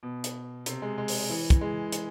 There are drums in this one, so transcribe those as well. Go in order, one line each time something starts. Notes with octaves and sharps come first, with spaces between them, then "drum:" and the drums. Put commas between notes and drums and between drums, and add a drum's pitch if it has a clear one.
B2
drum: hi-hat
C3, drum: hi-hat
G#3
G#3
drum: open hi-hat
E3
drum: kick, hi-hat
G#3
drum: hi-hat